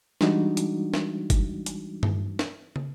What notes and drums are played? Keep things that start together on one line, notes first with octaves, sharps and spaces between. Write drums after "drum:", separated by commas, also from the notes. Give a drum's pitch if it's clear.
E3 G3 G#3 D4 D#4 F#4, drum: snare
drum: hi-hat
drum: snare
drum: kick G1, hi-hat
drum: hi-hat
drum: tom G2
drum: snare
drum: tom